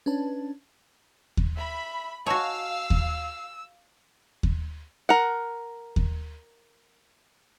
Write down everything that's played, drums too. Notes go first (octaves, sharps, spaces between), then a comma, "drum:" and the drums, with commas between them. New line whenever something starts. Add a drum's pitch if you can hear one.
C#4 D4 B4 A5
drum: kick D#2
E5 B5
F#4 C#5 D#5 F5 G#5 A5 E6
drum: kick D#2
drum: kick D#2
A#4 F#5
drum: kick D#2